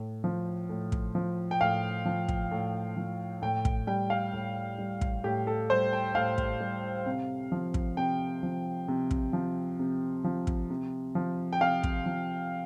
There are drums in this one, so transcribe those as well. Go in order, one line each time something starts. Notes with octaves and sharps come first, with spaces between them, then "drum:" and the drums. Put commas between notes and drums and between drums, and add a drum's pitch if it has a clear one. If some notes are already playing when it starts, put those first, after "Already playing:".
Already playing: A2
F3
A2
drum: kick
F3
G5
A2 F5
F3
drum: kick
A2
F3
A2 G5
drum: kick
G3 G5
F5
A2
G3
drum: kick
A2 G4
A4
G3 C5
G5
A2 F5
drum: kick
G3
C3
F3
drum: kick
C3 G5
F3
C3
drum: kick
F3
C3
F3
drum: kick
C3
F3
G5
C3 F5
drum: kick
F3